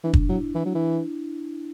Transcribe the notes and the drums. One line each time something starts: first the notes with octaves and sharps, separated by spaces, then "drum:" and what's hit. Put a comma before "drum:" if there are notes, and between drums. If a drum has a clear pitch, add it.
E3 D4
drum: kick
F#3 E4
E3 E4
F#3
E3
E4